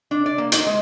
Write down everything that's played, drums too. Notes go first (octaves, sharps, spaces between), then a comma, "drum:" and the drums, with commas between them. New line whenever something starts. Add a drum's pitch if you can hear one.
D4
D5
A#3
D#4, drum: hi-hat
G#3